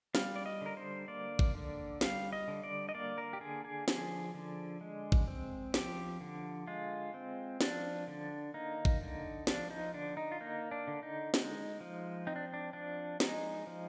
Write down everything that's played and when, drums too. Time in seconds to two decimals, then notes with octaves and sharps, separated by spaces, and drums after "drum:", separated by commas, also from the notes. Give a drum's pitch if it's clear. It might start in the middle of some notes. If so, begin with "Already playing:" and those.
0.15 G3 F5, drum: snare
0.36 D5
0.46 D#5
0.61 D3 A#4
0.77 C5
1.08 A#3 D5
1.39 drum: kick G#1
1.55 D3
2.01 G3 F5, drum: snare
2.33 D#5
2.48 D3
2.64 D5
2.89 D#5
2.95 A#3 D5
3.18 A#4
3.33 G4
3.41 D3 G#4
3.65 G#4
3.88 F3 G#4, drum: snare
4.34 D3
4.81 G#3
5.12 drum: kick G#1
5.28 C4
5.74 F3 G4, drum: snare
6.21 D3
6.67 G#3 F4
7.14 C4
7.61 F3 D4, drum: snare
8.07 D3
8.54 A#3 D#4
8.85 drum: kick G#1
9.01 D3
9.47 F3 D4, drum: snare
9.71 D#4
9.94 D3 D4
10.17 D#4
10.32 F4
10.41 A#3 D#4
10.71 D4
10.88 D3
11.03 D#4
11.34 G#3, drum: snare
11.80 F3
12.27 C4 D#4
12.36 D4
12.54 D4
12.73 F3 D4
13.20 G#3 D#4, drum: snare
13.67 F3